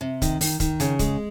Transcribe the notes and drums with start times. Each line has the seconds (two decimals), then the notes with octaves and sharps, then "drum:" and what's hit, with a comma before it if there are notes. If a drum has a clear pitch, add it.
0.01 C3
0.22 D#3, drum: kick, hi-hat
0.41 D#3, drum: open hi-hat
0.60 D#3, drum: kick, hi-hat
0.80 C#3, drum: hi-hat
0.99 G#3, drum: kick, hi-hat